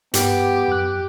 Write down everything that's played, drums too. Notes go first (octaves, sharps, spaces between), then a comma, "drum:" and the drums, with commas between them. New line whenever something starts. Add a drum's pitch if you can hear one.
G2 B3 G4, drum: hi-hat
F#2 F#6